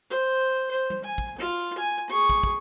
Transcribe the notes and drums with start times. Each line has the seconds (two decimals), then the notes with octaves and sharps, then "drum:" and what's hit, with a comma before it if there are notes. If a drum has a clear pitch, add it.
0.10 C5
0.71 C5
0.90 drum: tom G3
1.04 G#5
1.18 drum: kick
1.38 F4
1.78 G#5
2.10 G#4 C#6
2.30 drum: kick
2.43 drum: kick